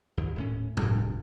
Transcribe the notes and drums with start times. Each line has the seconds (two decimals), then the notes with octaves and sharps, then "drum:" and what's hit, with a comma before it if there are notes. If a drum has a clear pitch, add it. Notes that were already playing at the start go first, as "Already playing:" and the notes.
0.17 D#2
0.36 D#1 A2 C#4
0.77 F1 D2 G2, drum: tom A2